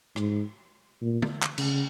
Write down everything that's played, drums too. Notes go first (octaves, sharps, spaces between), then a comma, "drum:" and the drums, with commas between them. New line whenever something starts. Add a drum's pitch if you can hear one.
G#2, drum: rim click
A#2
drum: tom D3
drum: clap
C#3, drum: cymbal